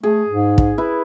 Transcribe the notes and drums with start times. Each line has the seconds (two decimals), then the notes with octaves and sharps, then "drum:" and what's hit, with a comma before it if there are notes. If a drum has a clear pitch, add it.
0.03 A3 G#4
0.29 G#2
0.58 drum: kick
0.78 E4 B4